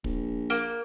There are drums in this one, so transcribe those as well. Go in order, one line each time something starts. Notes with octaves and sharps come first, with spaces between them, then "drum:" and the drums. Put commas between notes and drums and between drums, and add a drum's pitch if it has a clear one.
A#1, drum: kick
A#3